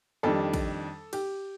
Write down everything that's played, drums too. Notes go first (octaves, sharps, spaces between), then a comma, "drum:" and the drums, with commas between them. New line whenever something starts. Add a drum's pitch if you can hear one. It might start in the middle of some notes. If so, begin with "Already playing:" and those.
F2 D#3 G3 D4 A4
drum: kick, cymbal
G4, drum: cymbal